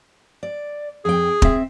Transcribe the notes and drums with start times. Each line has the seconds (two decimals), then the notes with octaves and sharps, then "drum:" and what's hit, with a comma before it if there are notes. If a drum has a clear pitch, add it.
0.43 D5
1.05 F2 G#4 G5
1.42 C4 E5, drum: kick